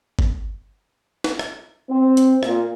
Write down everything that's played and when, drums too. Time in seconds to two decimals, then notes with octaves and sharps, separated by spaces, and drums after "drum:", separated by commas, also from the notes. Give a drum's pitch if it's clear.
0.19 drum: kick G1
1.24 drum: snare
1.39 drum: rim click
1.90 C4
2.17 drum: hi-hat
2.43 A#2, drum: rim click